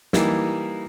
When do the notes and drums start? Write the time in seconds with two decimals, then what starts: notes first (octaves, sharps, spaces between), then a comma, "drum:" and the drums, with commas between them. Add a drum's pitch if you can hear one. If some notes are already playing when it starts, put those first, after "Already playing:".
0.13 E3 G3 A#3 D#4 E4, drum: snare